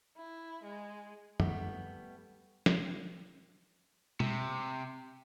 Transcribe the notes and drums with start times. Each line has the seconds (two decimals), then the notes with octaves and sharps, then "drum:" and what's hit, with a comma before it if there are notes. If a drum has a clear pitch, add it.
0.17 E4
0.64 G#3
1.40 G3 A3 B3, drum: tom F#2
2.66 drum: snare
4.20 C3, drum: tom B2